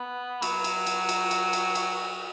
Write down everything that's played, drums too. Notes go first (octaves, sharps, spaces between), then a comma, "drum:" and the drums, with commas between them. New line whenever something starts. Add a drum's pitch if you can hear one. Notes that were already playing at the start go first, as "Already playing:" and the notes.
Already playing: B3
F#3, drum: cymbal
drum: cymbal
drum: cymbal
drum: cymbal
drum: cymbal
drum: cymbal
drum: cymbal